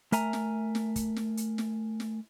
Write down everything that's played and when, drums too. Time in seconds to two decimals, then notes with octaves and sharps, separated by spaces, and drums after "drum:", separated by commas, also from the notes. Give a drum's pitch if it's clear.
0.12 A3 A#4 E5 G#5 A#5, drum: hi-hat
0.33 drum: snare
0.75 drum: snare
0.96 drum: kick, hi-hat
1.16 drum: snare
1.37 drum: hi-hat
1.58 drum: snare
2.00 drum: snare